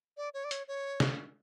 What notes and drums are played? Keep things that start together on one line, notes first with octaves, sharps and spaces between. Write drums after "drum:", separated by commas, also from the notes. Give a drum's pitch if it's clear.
D5
C#5
D5
C#5, drum: hi-hat
C#5
drum: snare